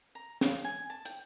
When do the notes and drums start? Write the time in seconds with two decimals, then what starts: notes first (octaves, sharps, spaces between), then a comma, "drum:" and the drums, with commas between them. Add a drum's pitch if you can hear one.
0.15 A#5
0.41 F5, drum: snare
0.64 G#5
0.90 A5
1.05 G5, drum: hi-hat